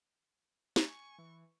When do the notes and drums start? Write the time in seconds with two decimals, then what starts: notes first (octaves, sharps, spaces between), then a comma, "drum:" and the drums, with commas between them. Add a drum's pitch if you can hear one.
0.76 G#5 C#6, drum: snare
1.18 E3